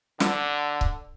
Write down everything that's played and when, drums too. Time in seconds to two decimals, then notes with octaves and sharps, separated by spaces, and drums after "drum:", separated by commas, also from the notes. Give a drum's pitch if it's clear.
0.20 D3, drum: snare
0.81 drum: kick C#1